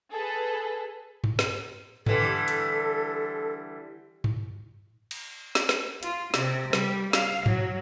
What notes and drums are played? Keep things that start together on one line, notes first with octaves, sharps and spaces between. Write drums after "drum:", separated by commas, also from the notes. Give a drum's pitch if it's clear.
G#4 A4 B4
drum: tom G2
drum: snare
D3 E3 G3 A4, drum: tom G2
drum: hi-hat
drum: tom G2
drum: cymbal
drum: snare
drum: snare
F4, drum: hi-hat
C3, drum: snare
G3, drum: snare
F5, drum: snare
F#3, drum: tom G2